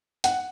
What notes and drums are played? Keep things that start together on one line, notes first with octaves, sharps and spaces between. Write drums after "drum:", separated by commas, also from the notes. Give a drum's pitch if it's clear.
F#5, drum: hi-hat